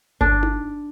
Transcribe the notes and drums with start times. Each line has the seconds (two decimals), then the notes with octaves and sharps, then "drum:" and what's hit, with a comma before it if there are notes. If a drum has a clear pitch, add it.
0.21 D4, drum: kick G1
0.43 drum: tom D#4